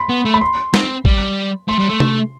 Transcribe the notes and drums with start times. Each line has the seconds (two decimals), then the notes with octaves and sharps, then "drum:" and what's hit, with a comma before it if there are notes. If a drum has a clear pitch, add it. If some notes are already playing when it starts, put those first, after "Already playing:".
Already playing: B5 C6
0.09 B3
0.25 A3
0.34 B5
0.41 C6
0.74 C4, drum: snare
1.05 G3, drum: kick A1
1.68 A3 C6
1.79 G3
1.89 A3
2.00 drum: tom C3